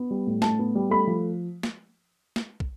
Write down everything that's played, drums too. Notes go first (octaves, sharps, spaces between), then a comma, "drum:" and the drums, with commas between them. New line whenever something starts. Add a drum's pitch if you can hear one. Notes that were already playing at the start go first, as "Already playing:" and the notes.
Already playing: B3
G3
A2
A2 A5, drum: snare
B3
G3
A3 B5
F3
drum: snare
drum: snare
drum: kick